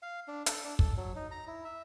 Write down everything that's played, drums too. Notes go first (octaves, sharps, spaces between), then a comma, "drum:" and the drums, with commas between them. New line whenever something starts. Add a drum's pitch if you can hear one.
F5
D4
A4, drum: hi-hat
D4
A4, drum: kick
F#3
D#4
A#5
E4
E5